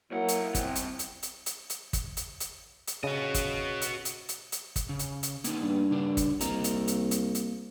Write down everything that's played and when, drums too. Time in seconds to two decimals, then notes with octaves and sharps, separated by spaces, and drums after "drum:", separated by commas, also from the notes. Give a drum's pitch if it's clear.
0.11 B1 F#3 A#3 E4 F#5
0.28 drum: hi-hat
0.55 G3 B3 C4, drum: kick, hi-hat
0.75 drum: hi-hat
0.99 drum: hi-hat
1.23 drum: hi-hat
1.46 drum: hi-hat
1.70 drum: hi-hat
1.93 drum: kick, hi-hat
2.17 drum: hi-hat
2.40 drum: hi-hat
2.87 drum: hi-hat
3.03 C#3 F#4 D#5
3.34 drum: kick, hi-hat
3.82 drum: hi-hat
4.05 drum: hi-hat
4.29 drum: hi-hat
4.52 drum: hi-hat
4.76 drum: kick, hi-hat
4.89 C#3
4.99 drum: hi-hat
5.23 drum: hi-hat
5.44 A#3 B3 D#4, drum: hi-hat
5.63 G2
5.91 C#3 D4
6.17 drum: kick, hi-hat
6.40 C2 A#3 D#5 A#5, drum: hi-hat
6.64 drum: hi-hat
6.88 drum: hi-hat
7.11 drum: hi-hat
7.35 drum: hi-hat